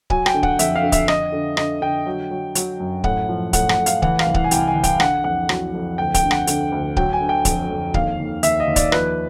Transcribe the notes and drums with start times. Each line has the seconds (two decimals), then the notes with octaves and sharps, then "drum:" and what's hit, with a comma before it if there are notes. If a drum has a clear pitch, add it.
0.10 F#3 G#5, drum: kick C#1
0.26 G5, drum: rim click
0.34 D3
0.43 F#5, drum: kick C#1
0.59 F2 E5, drum: hi-hat
0.76 F5
0.83 D3
0.92 E5, drum: kick C#1, hi-hat
1.08 D3 D#5, drum: rim click
1.32 D3
1.57 D3 D#5, drum: rim click
1.81 D3 G5
2.06 F#3
2.31 F#3
2.55 F#3, drum: hi-hat
2.80 F#2
3.04 A2 F#5, drum: kick C#1
3.29 F3
3.53 A2 F#5, drum: kick C#1, hi-hat
3.69 F#5, drum: rim click
3.77 A2
3.86 F5, drum: hi-hat
4.02 E3 F#5, drum: kick C#1
4.19 F5, drum: rim click
4.26 C2
4.34 F#5, drum: kick C#1
4.44 G#5
4.51 C2 G5, drum: hi-hat
4.67 G#5
4.76 E3
4.84 G5, drum: kick C#1, hi-hat
5.00 D3 F#5, drum: rim click
5.24 F2 F#5
5.49 F#3, drum: rim click
5.74 F2
5.98 D2 G5
6.14 G5, drum: kick C#1, hi-hat
6.23 D3
6.31 F#5, drum: rim click
6.47 D3, drum: hi-hat
6.72 D2
6.97 F#3 G5, drum: kick C#1
7.13 G#5
7.21 D3
7.29 G5
7.45 F2, drum: kick C#1, hi-hat
7.70 F2
7.94 D#2 F5, drum: kick C#1
8.20 D#2
8.43 D#2 E5, drum: hi-hat
8.60 D#5
8.68 D#2
8.76 D5, drum: kick C#1, hi-hat
8.92 F3 B4, drum: rim click